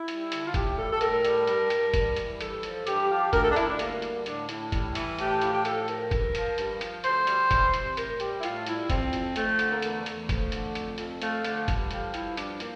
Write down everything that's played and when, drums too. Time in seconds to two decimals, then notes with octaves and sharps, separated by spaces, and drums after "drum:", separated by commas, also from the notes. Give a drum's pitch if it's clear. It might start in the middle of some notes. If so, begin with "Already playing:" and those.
Already playing: E4
0.08 G3, drum: hi-hat
0.32 D3, drum: hi-hat
0.47 F4
0.54 A2 G4, drum: kick, hi-hat
0.78 G3 A4
0.92 A4
1.01 A2 A#4, drum: hi-hat
1.25 G3, drum: hi-hat
1.47 G2, drum: hi-hat
1.70 G2, drum: hi-hat
1.94 G3, drum: kick, hi-hat
2.16 E3, drum: hi-hat
2.41 G2 A4, drum: hi-hat
2.63 F3 A4, drum: hi-hat
2.87 G2 G4, drum: hi-hat
3.10 F3
3.33 D2 A#4, drum: kick, hi-hat
3.44 A4
3.51 D4
3.56 D2 E4, drum: hi-hat
3.68 D4
3.79 G3 A#3, drum: hi-hat
4.02 D3, drum: hi-hat
4.26 A2 D4, drum: hi-hat
4.49 A2 E4, drum: hi-hat
4.72 G3, drum: kick, hi-hat
4.95 E3, drum: hi-hat
5.19 A2 G4, drum: hi-hat
5.42 F3, drum: hi-hat
5.53 G4
5.65 A2 A4, drum: hi-hat
5.88 F3 A#4, drum: hi-hat
6.11 G2, drum: kick, hi-hat
6.35 F3, drum: hi-hat
6.58 G2, drum: hi-hat
6.81 F3, drum: hi-hat
7.04 D2 C5, drum: hi-hat
7.27 G3, drum: hi-hat
7.51 E3, drum: kick, hi-hat
7.74 C3, drum: hi-hat
7.97 A2 A#4, drum: hi-hat
8.20 G3 G4, drum: hi-hat
8.40 E4
8.43 A2 F4, drum: hi-hat
8.66 G3 E4, drum: hi-hat
8.90 F2 C4, drum: kick, hi-hat
9.13 F2, drum: hi-hat
9.36 F3 A3, drum: hi-hat
9.59 D3, drum: hi-hat
9.71 A#3
9.82 E2 A3, drum: hi-hat
10.06 E2 A3, drum: hi-hat
10.29 F3, drum: kick, hi-hat
10.52 D3, drum: hi-hat
10.75 F2, drum: hi-hat
10.98 F2, drum: hi-hat
11.22 F3 A3, drum: hi-hat
11.45 D3 A3, drum: hi-hat
11.68 G2, drum: kick, hi-hat
11.91 F3 G4, drum: hi-hat
12.14 G2 E4, drum: hi-hat
12.37 F3 D4, drum: hi-hat
12.60 A#3, drum: hi-hat